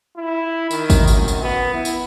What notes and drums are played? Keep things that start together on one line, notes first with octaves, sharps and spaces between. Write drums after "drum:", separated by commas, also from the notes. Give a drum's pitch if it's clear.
E4
D#3, drum: tambourine
drum: kick G#1, tambourine
F#2, drum: tambourine
drum: tambourine
B3
E4
drum: tambourine